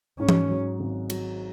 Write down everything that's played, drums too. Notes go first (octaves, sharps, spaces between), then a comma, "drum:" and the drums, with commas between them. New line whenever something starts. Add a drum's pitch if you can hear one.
G#2 C#4
drum: tom E3
F#3
G#1
F#3, drum: cymbal